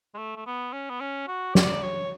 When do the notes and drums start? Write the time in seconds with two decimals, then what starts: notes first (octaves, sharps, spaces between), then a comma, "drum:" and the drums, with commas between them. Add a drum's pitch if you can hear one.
0.14 G#3
0.18 A3
0.37 A3
0.46 B3
0.73 C#4
0.90 B3
1.01 C#4
1.28 F#4
1.55 D5, drum: snare
1.82 C#5